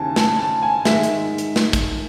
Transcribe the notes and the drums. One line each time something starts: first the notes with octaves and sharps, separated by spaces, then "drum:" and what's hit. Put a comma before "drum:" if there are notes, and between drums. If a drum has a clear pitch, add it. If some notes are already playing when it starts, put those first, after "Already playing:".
Already playing: D#2 C#3 E3 G#5 A5
A5, drum: snare
A5
G#5
G#2 D#3 G#3 E5, drum: snare
drum: hi-hat
drum: hi-hat
drum: snare
drum: kick, hi-hat